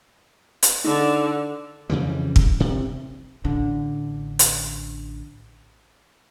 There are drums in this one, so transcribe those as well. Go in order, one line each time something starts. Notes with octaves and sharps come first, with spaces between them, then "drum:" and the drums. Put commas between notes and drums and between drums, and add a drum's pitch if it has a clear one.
drum: hi-hat
D3 D#4
F2 C#3 E3 G3
drum: kick
C3
A1 D3
drum: hi-hat